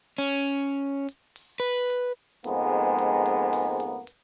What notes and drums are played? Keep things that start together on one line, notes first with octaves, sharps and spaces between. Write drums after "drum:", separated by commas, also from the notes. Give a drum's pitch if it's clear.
C#4
drum: hi-hat
drum: open hi-hat
B4
drum: hi-hat
F2 G#2 G#3 A#3 B3, drum: hi-hat
drum: hi-hat
drum: hi-hat
drum: open hi-hat
drum: hi-hat
drum: hi-hat